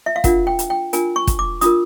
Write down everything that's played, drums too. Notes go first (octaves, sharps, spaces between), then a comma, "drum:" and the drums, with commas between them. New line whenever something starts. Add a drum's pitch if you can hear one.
E5
F5
D4 F4 A#4 F#5, drum: kick, hi-hat
G5
drum: hi-hat
G5
D4 F4 A#4 G#5, drum: hi-hat
C#6
drum: kick, hi-hat
D6
D4 F4 A#4 D#6, drum: hi-hat